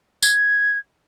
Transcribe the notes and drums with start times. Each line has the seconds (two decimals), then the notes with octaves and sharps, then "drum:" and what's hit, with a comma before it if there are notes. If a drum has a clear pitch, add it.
0.23 G#6, drum: tambourine